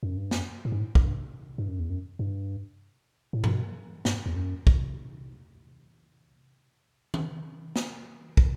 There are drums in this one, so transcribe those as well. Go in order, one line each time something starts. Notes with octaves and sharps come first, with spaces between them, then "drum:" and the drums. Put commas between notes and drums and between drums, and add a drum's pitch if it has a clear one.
F#2
G2
F#2, drum: snare
A2
G2
A2
G2, drum: kick
G2
F#2
E2
F#2
G2
A2
B2, drum: tom G2
G2, drum: snare
E2
F#2
drum: kick
drum: tom D#3
drum: snare
drum: kick